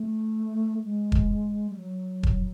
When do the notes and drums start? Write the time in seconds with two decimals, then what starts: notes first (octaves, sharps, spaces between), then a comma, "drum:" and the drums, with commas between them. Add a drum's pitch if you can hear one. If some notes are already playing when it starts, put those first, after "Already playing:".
Already playing: A3
0.84 G#3
1.12 drum: kick E1
1.70 G3
1.77 F#3
2.23 drum: kick E1